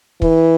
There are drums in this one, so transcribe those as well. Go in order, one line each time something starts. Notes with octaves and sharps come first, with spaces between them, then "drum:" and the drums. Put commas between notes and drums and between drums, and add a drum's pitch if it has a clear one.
E3, drum: kick